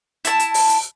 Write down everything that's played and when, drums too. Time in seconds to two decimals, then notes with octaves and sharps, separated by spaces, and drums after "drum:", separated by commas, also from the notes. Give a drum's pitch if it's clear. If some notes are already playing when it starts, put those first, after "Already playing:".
0.25 E4 A5, drum: hi-hat
0.39 drum: hi-hat
0.54 drum: open hi-hat
0.69 drum: hi-hat